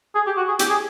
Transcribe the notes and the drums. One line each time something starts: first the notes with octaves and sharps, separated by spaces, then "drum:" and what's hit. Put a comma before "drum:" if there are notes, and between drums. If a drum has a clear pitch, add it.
G#4
G4
F#4
G#4
G4, drum: hi-hat
G#4